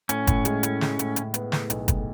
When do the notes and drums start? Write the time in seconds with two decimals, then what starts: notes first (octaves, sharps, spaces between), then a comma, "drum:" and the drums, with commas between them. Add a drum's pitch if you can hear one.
0.09 A2 C#4, drum: hi-hat
0.27 A2, drum: kick, hi-hat
0.45 G#3, drum: hi-hat
0.63 A2, drum: hi-hat
0.81 G#3, drum: snare
0.99 A2, drum: hi-hat
1.16 A2, drum: hi-hat
1.34 B3, drum: hi-hat
1.52 A2, drum: snare
1.70 B1, drum: hi-hat
1.88 A2, drum: kick, hi-hat